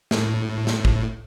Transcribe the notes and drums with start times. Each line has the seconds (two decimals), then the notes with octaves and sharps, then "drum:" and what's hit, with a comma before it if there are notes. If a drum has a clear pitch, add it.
0.11 A2, drum: snare
0.67 drum: snare
0.85 drum: kick G1